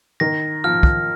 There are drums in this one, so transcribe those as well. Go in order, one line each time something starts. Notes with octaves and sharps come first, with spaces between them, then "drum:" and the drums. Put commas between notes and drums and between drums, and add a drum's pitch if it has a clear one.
D#3 A#6
F3 F6
drum: kick